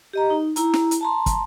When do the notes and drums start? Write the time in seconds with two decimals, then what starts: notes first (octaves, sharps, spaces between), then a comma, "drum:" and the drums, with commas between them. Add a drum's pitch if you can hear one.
0.13 G4 D#5 A#5
0.30 D#4
0.56 E4 A#5, drum: hi-hat
0.74 drum: snare
0.91 drum: hi-hat
1.01 A5 A#5 C6
1.26 drum: kick, hi-hat